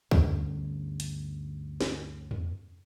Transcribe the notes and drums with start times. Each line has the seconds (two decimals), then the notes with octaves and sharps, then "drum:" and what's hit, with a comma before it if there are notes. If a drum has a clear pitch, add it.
0.11 D2 G2 D3 C#4, drum: kick C#2
1.00 drum: hi-hat
1.81 drum: snare
2.31 drum: tom E2